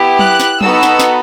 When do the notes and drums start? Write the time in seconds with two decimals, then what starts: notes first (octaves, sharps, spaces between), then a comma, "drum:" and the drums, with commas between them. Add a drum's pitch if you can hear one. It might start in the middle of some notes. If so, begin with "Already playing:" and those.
Already playing: B3 E4 G4
0.19 F#6, drum: tom F#3
0.40 drum: snare
0.61 B3 D#4 F#4 A4 E6, drum: tom F#3
0.83 drum: snare
0.99 drum: snare